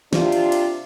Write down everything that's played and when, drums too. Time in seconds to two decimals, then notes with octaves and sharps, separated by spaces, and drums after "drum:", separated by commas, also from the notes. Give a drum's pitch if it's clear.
0.13 C3 D4 F4 G4, drum: snare
0.32 drum: cymbal
0.52 drum: cymbal